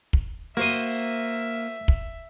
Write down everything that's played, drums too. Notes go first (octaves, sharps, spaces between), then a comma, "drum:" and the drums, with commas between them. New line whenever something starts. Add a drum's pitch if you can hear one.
drum: kick
A#3 F#4 C5 E5 D#6
drum: kick